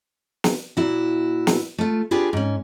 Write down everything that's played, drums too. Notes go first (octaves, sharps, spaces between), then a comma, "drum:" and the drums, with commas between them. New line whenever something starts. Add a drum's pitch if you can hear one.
drum: snare
A#2 E4 F#4
drum: snare
A3 F4
D4 F4 G4 G#4 B4
G#2 C#4